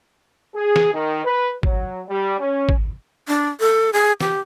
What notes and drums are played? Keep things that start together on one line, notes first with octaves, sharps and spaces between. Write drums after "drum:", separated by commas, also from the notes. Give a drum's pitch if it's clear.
G#4
drum: snare
D#3
B4
F#3, drum: kick G#1
G3
C#4
drum: kick G#1
D4
A4
G#4
G4, drum: snare